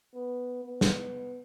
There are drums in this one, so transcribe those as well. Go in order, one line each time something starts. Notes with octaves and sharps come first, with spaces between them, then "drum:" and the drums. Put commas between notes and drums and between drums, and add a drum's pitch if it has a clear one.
B3
B3
drum: snare